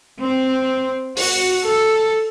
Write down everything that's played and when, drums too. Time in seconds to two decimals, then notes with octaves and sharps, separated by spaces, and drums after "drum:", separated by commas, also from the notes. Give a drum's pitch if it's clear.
0.21 C4
1.17 F#4, drum: open hi-hat
1.66 A4